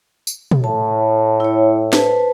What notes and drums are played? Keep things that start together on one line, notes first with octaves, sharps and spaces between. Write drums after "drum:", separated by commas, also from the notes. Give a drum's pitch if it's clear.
drum: tambourine
drum: tom
A2 A5
E4 C#5
B4 C5 A5, drum: snare